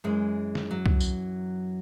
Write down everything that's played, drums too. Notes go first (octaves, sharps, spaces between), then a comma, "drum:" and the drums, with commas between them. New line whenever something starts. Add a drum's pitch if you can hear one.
F#2 E3 G#3
drum: snare
F#3
drum: kick
drum: tambourine